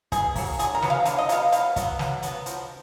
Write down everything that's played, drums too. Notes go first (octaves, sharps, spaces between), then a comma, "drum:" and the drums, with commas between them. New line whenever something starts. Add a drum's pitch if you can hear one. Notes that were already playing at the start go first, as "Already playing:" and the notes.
B2 G#4, drum: kick, hi-hat
F#3 A#3, drum: kick, open hi-hat
D3 G#4, drum: hi-hat
A#4
F#3 B3, drum: snare
F5
D3 F5, drum: hi-hat
D#5
F#3 B3 F5, drum: hi-hat
B2 F5, drum: hi-hat
F#3 B3, drum: kick, hi-hat
B2, drum: snare
F#3 B3, drum: hi-hat
F3, drum: hi-hat